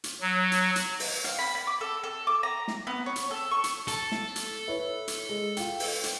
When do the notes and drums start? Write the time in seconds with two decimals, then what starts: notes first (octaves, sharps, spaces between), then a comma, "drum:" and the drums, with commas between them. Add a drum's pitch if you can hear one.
0.04 drum: hi-hat
0.21 F#3
0.52 drum: hi-hat
0.76 drum: hi-hat
1.00 drum: open hi-hat
1.24 F5, drum: hi-hat
1.39 B5
1.55 B5
1.67 D6
1.81 A4
2.04 A4
2.27 D6
2.43 A#5
2.68 drum: snare
2.87 B3
3.06 C#5
3.16 drum: hi-hat
3.31 A4
3.51 C#6
3.64 drum: hi-hat
3.88 A4 A5, drum: hi-hat
4.12 drum: snare
4.36 drum: hi-hat
4.68 E4 B4 C#5
5.08 drum: hi-hat
5.29 G#3
5.57 F4 G5, drum: hi-hat
5.80 drum: open hi-hat
6.04 drum: hi-hat